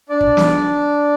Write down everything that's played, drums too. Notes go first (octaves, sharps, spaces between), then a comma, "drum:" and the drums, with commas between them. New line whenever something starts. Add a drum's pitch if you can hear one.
D4 D5
drum: kick
drum: snare